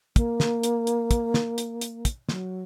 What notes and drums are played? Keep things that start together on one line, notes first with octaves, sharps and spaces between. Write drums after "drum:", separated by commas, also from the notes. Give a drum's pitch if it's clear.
A#3, drum: kick, hi-hat
drum: snare
drum: hi-hat
drum: hi-hat
drum: kick, hi-hat
drum: snare
drum: hi-hat
drum: hi-hat
drum: kick, hi-hat
F#3, drum: snare